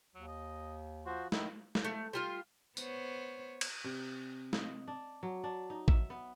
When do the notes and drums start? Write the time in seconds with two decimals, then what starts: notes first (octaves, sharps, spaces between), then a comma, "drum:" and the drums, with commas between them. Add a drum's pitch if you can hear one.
0.15 D#2 F#3
0.28 D#5
1.06 F3 F#4 C5
1.32 D#3 D#4 E4, drum: snare
1.75 drum: snare
1.84 A3
2.13 G3 F4 F5
2.77 B3 C5 C#5, drum: tambourine
3.61 drum: cymbal
3.84 C3
4.53 D#5, drum: snare
4.88 D4
5.23 F#3
5.44 D4
5.70 D#4
5.88 E5, drum: kick A1
6.10 B3